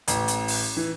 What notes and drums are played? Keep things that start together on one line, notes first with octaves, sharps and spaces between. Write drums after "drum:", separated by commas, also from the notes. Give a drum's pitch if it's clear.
A1, drum: hi-hat
drum: hi-hat
drum: open hi-hat
E3